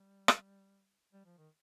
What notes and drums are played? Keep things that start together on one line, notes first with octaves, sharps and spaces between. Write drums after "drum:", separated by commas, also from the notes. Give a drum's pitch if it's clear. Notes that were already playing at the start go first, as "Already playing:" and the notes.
Already playing: G3
drum: rim click
G3
F3
D#3